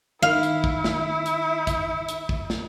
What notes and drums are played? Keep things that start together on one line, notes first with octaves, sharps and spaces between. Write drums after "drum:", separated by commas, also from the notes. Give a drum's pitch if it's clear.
D#3 E4 F5
drum: hi-hat
drum: kick
drum: snare
drum: hi-hat
drum: kick, hi-hat
drum: hi-hat
drum: kick
drum: snare